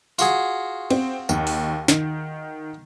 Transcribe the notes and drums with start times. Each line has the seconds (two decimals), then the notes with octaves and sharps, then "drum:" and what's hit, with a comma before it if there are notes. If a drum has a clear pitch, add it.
0.19 F4 F#4 G#4, drum: tambourine
0.90 C4, drum: cymbal
1.29 D#2, drum: tambourine
1.47 drum: open hi-hat
1.88 D#3, drum: snare